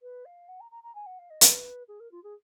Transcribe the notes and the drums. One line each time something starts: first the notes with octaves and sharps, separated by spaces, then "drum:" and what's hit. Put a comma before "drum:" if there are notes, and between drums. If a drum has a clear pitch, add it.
B4
F5
F#5
A#5
A#5
A#5
G#5
F#5
F5
D#5
B4, drum: hi-hat
G#4
A#4
F4
G#4